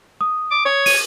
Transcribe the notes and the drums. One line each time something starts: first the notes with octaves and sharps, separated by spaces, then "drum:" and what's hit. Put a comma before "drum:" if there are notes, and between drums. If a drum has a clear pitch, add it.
D#6
D6
C#5
D#7, drum: open hi-hat